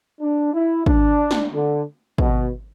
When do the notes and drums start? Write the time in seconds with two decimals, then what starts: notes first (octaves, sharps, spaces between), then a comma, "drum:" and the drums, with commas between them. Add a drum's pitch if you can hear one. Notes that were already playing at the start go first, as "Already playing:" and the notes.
0.20 D4
0.53 E4
0.86 D4, drum: kick
1.31 drum: snare
1.53 D3
2.18 B2, drum: kick